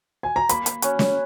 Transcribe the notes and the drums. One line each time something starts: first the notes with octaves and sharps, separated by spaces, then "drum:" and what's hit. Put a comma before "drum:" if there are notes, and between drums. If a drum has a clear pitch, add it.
G#5
A#5
A#3 B5, drum: hi-hat
drum: hi-hat
C#4 F#4, drum: hi-hat
drum: snare